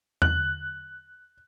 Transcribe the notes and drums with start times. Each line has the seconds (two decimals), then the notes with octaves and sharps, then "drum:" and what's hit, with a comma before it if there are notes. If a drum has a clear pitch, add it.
0.22 F#6, drum: tom E2